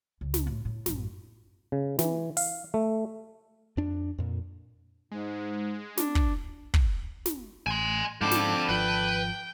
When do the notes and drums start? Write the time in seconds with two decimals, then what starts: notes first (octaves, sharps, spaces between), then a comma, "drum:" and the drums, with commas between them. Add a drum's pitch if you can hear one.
0.21 C#2
0.34 drum: snare
0.47 A2
0.65 A2
0.86 A1 F#2, drum: snare
1.72 C#3
1.99 E3, drum: snare
2.37 F5, drum: open hi-hat
2.74 A3
3.77 F2 D4
4.18 F2 A#2
5.11 G#2 G#3
5.97 D4, drum: snare
6.15 drum: kick
6.74 drum: kick
7.26 drum: snare
7.67 A1 G#5 C6
8.21 G#2 D3 F3 C4 A5 B5 D6
8.31 drum: snare
8.69 G#1 F3 B4 G5